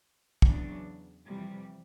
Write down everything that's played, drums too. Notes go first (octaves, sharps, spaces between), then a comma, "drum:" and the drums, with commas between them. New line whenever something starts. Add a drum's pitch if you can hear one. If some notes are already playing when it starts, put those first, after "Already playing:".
E2 C#3 F#3 B3 D4, drum: kick
F2 C3 E3 G3